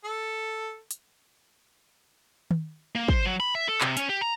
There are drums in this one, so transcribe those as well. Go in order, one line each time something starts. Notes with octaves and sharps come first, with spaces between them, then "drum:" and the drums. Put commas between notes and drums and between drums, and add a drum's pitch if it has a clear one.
A4
drum: hi-hat
drum: tom D#3
A#3
C5, drum: kick
F#3
B5
E5
A4
C3, drum: clap
C#4, drum: hi-hat
G4
A#5